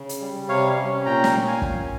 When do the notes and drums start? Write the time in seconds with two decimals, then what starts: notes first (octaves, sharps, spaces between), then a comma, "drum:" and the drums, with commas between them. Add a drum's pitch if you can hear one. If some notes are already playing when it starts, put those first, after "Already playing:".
Already playing: C#3
0.09 drum: hi-hat
0.21 G3
0.49 C3 C#5 F5
0.77 C#4
1.05 A#2 G5 A#5
1.24 drum: snare
1.34 A#2
1.48 F5 G#5
1.62 C#4, drum: kick